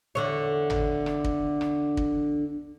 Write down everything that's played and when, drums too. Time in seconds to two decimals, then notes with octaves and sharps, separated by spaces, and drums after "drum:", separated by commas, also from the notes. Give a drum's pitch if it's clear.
0.15 E2 D3 C#5
0.70 drum: tom G#1
1.06 drum: rim click
1.24 drum: kick
1.61 drum: rim click
1.97 drum: kick